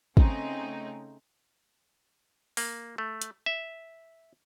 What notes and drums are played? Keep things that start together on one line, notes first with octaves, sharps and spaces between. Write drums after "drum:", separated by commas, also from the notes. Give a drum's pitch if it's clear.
C#3 A3 C4 C#4 D#4, drum: kick
A#3, drum: open hi-hat
A3
drum: hi-hat
E5